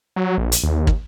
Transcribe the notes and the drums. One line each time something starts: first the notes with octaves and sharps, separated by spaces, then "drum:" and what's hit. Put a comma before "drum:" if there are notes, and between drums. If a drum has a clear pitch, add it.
F#3
A#1
drum: hi-hat
D#2
drum: kick